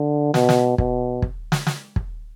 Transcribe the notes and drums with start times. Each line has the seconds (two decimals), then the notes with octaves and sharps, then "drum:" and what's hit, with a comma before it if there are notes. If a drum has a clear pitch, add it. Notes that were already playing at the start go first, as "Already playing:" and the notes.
Already playing: D3
0.34 B2, drum: snare
0.49 drum: snare
0.78 B2, drum: kick
1.22 drum: kick
1.52 drum: snare
1.67 drum: snare
1.96 drum: kick